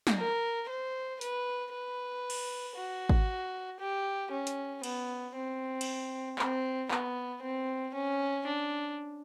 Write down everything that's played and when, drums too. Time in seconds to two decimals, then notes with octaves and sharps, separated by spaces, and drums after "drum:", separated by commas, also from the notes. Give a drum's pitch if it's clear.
0.07 drum: snare
0.17 A#4
0.69 C5
1.21 B4, drum: hi-hat
1.73 B4
2.30 drum: cymbal
2.77 F#4
3.09 drum: kick
3.80 G4
4.32 C#4
4.47 drum: hi-hat
4.83 B3, drum: cymbal
5.35 C4
5.81 drum: cymbal
6.39 C4, drum: clap
6.91 B3, drum: clap
7.43 C4
7.95 C#4
8.46 D4